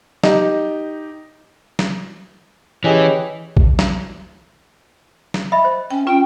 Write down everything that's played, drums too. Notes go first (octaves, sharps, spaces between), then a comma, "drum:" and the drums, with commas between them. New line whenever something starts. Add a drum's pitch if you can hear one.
D#4 G4, drum: snare
drum: snare
E3 C#4 G4 G#4 D#5
drum: kick A#1
drum: snare
drum: snare
D#5 E5 B5
C5
C#4 G5
C#4 F4 G5